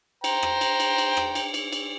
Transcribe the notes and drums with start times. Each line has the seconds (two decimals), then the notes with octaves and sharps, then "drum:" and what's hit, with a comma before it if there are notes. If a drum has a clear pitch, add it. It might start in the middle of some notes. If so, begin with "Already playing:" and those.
0.24 C5 G5 A#5, drum: cymbal
0.43 drum: rim click
0.61 drum: cymbal
0.80 drum: cymbal
0.98 drum: cymbal
1.17 drum: rim click
1.35 drum: cymbal
1.54 drum: cymbal
1.73 drum: cymbal